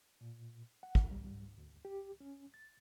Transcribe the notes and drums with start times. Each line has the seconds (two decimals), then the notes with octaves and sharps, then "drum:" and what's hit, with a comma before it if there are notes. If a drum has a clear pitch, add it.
0.21 A#2
0.83 F#5
0.95 drum: kick
1.11 G3
1.58 D2
1.85 G4
2.20 C#4
2.54 A6